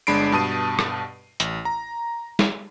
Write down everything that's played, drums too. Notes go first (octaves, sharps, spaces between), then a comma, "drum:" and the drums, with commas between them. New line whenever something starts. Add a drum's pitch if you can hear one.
G1 G#3 D4 B5 C7 D7
G2 B2 A5 D#6 D#7
drum: rim click
A1, drum: hi-hat
A#5
drum: snare